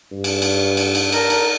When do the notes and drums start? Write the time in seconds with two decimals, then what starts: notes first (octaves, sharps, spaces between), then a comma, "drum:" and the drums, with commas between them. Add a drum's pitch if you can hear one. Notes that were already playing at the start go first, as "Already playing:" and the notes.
0.12 G2
0.24 drum: cymbal
0.42 drum: cymbal
0.77 drum: cymbal
0.95 drum: cymbal
1.12 A#4 A5, drum: cymbal
1.30 drum: cymbal